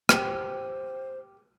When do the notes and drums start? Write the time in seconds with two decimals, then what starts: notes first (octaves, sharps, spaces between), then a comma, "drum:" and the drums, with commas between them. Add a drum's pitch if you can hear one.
0.09 G4 C5 G5, drum: rim click